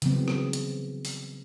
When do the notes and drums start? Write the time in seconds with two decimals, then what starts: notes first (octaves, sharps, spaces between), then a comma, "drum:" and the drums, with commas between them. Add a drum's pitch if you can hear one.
0.02 C#3 E3 F#3 G3 B3 C4, drum: hi-hat
0.28 drum: rim click
0.53 drum: hi-hat
1.05 drum: open hi-hat